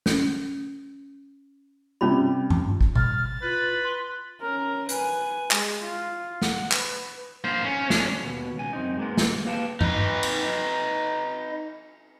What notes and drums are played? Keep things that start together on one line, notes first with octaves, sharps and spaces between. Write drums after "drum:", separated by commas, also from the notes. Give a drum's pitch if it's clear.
C#4, drum: snare
C3 G3 C#4 F4 B5
drum: tom G2
drum: kick
F6 A6, drum: tom B2
F4 B4
C6
C#4 A#4
B4 G#5, drum: hi-hat
G#3, drum: clap
F4
F#5, drum: snare
B4, drum: clap
A#3 C5
C#4
C#4 D4, drum: snare
D#2 B2
C#2 G#5
F#2 C4 D#4
G#3 A#3 B3
drum: snare
A#3 G4 B4 F5 G5 A5
D#4 B4, drum: tom G2
drum: cymbal